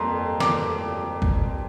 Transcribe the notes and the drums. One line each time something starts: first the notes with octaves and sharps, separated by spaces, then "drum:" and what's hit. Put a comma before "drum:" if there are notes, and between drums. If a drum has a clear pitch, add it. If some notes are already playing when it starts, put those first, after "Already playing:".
Already playing: F2 G3 A#3 A#5 C6
D6, drum: snare
drum: kick